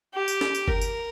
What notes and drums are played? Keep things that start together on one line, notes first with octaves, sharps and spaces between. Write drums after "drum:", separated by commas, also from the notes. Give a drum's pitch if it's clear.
G4
drum: tambourine
drum: snare
drum: tambourine
A#4, drum: kick G1
drum: tambourine